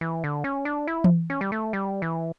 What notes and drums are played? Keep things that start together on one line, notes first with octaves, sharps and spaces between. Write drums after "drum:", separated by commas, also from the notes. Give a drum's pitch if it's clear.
E3
D3
C#4
D4
E4
drum: tom E3
C#4
G3
A3
G3
E3